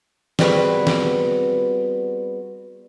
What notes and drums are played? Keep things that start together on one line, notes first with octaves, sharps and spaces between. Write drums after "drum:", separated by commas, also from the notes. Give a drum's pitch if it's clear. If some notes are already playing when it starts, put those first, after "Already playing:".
G3 B3 C4 F#4 G#4 B4, drum: snare
drum: snare